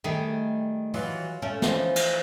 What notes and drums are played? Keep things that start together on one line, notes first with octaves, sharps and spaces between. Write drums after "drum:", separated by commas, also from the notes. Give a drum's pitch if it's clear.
D#3 G3 A3 G#4
E3 F#3 F4, drum: open hi-hat
A3 C#4
E3 F3 D#4, drum: snare
drum: cymbal